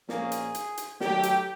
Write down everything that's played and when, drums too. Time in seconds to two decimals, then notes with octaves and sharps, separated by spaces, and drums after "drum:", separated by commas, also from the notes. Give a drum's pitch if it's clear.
0.09 A#2 F3 A#3 C#4 G#4, drum: snare
0.32 drum: hi-hat
0.55 drum: hi-hat
0.77 drum: hi-hat
1.00 D#3 F#3 A3 G4, drum: snare
1.23 drum: hi-hat